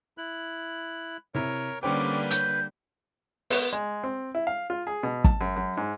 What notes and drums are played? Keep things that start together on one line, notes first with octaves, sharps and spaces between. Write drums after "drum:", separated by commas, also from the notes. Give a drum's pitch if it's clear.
E4 F#6
C3 E4 A#4 C#5
D3 G3 A#3 C#4 B4 C5 G5 D6
C#5 G6, drum: hi-hat
B3, drum: open hi-hat
G#3
C4
E4
F5
F4
G#4
B2
A5, drum: kick
F#2
F#2
G#2